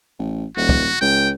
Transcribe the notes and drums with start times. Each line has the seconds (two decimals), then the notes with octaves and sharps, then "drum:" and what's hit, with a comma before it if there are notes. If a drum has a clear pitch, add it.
0.19 A1
0.56 D#1 F#4
0.69 drum: kick
1.01 C#2 G5